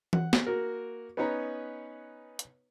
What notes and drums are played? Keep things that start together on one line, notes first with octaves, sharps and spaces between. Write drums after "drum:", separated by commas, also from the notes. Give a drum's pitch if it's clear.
F#5, drum: tom E3
drum: snare
A#3 F#4 A#4
B3 C#4 D#4 B4 C#5 A#5
drum: hi-hat